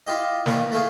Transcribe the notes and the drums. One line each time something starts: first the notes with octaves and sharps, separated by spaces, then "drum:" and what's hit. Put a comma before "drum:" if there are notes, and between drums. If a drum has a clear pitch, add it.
E4 F4 G4 D#5
A#2 D#3 E3, drum: snare
A3 E4 F4 G#4